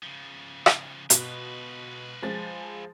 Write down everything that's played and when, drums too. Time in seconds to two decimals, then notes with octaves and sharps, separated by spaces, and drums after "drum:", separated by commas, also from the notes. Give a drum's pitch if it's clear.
0.03 C#3 F3
0.66 drum: rim click
1.10 B2 F4 B4, drum: hi-hat
2.22 F3 G#3 A6